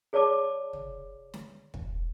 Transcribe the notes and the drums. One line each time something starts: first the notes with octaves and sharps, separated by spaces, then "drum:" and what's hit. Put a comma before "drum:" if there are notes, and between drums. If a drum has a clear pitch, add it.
G#4 C#5 D5 A5 D6
drum: tom
drum: snare
drum: kick